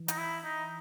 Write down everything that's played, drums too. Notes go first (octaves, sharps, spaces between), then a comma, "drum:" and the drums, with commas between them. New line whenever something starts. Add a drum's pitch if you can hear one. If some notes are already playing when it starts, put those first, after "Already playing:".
Already playing: E3
D#4, drum: hi-hat
E4
D#4